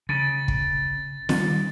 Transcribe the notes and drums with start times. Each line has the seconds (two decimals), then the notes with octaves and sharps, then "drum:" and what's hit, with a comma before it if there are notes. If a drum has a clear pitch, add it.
0.09 C#3 A6
0.48 drum: kick
1.29 D#3 G3, drum: snare